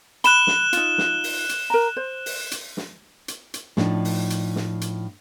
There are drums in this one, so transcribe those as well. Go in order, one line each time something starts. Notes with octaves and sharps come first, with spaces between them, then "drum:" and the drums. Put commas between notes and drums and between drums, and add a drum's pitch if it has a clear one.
B5 F#6 E7 G7, drum: hi-hat
drum: snare
D#4 F4, drum: hi-hat
drum: snare
drum: open hi-hat
drum: hi-hat
A#4 A#5
C5
drum: open hi-hat
drum: hi-hat
drum: snare
drum: hi-hat
drum: hi-hat
A2 F3 D4 D#4, drum: snare
drum: open hi-hat
drum: hi-hat
drum: snare
drum: hi-hat